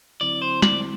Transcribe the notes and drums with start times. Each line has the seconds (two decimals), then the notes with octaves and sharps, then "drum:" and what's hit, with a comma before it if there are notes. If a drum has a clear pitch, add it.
0.21 D3 F#3 C4 E4 D5
0.42 C5
0.62 D5, drum: snare